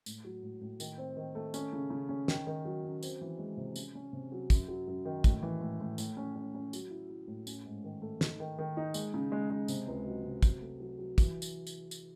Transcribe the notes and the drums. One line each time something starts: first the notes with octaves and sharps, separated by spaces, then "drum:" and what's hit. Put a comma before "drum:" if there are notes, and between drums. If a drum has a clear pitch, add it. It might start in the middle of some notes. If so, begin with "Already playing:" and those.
A2, drum: tambourine
F#3
A2
A2
D#3, drum: tambourine
C4
D#3
A3
C#4, drum: tambourine
C#3
C#3
C#4
D#3, drum: snare
D#3
F#3
C#4
C4, drum: tambourine
E3
G#3
C3
C#4, drum: tambourine
C#4
C3
F#3
F#2, drum: kick, tambourine
F#3
F#2
D#3
A2, drum: kick, tambourine
E3
A2
A2
A2, drum: tambourine
C#4
C#4
C#4
F#3, drum: tambourine
E4
E4
A2
C#4, drum: tambourine
G#2
D#3
A3
D#4, drum: snare
D#3
D#3
D#4
G#3, drum: tambourine
C#3
G#3
G#3
C3, drum: tambourine
C#2
F#3
C3
F#3, drum: kick, tambourine
A3
F#3
F#3
E3, drum: kick, tambourine
drum: tambourine
drum: tambourine
drum: tambourine